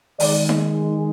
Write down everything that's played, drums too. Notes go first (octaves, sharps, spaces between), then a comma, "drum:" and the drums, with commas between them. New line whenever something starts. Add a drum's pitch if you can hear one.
D#3 G#3 D5, drum: open hi-hat
drum: snare D#4